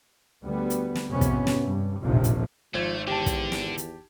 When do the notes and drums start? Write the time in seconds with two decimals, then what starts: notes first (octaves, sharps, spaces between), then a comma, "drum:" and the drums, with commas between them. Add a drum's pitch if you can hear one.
0.44 D2 G3 B3
0.70 drum: hi-hat
0.96 drum: snare
1.09 F2 G#2 C3 B3 C#4
1.21 drum: kick, hi-hat
1.47 drum: snare
1.64 G2
2.02 F1 A#1 D#2 A2 C3 F3
2.24 drum: hi-hat
2.74 G#1 F3 A3 C5 G#6
3.07 E2 D3 G4 A5
3.26 drum: kick, hi-hat
3.52 drum: snare
3.78 drum: hi-hat